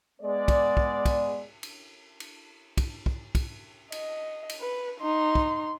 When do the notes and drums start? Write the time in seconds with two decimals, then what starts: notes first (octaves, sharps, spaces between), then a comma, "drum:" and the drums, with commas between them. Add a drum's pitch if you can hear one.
0.21 G#3 B3 D5
0.48 drum: kick, cymbal
0.77 drum: kick
1.05 drum: kick, cymbal
1.63 drum: cymbal
2.20 drum: cymbal
2.77 drum: kick, cymbal
3.06 drum: kick
3.35 drum: kick, cymbal
3.92 D#5, drum: cymbal
4.49 drum: cymbal
4.61 B4
5.01 D#4 C6
5.35 drum: kick